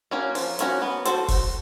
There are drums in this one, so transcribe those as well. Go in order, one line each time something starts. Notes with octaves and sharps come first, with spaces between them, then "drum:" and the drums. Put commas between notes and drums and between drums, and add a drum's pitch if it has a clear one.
A#3 C#4 F#4
F3, drum: open hi-hat
A#3 C#4 F#4, drum: hi-hat
B3
F#4 A4 C5, drum: hi-hat
drum: kick, open hi-hat